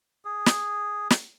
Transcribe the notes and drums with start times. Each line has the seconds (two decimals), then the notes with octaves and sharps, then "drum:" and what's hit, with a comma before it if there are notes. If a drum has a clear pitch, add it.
0.25 G#4
0.46 drum: snare
1.10 drum: snare